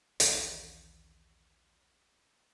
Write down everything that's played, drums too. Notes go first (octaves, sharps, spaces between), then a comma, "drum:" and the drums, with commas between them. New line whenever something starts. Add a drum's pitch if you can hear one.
A#1 D#2 C#3 E3, drum: hi-hat